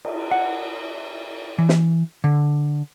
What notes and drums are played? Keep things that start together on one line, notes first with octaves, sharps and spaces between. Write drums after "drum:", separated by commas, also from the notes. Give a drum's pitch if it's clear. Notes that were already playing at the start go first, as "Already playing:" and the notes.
drum: cymbal
F#5
E3
drum: snare
D3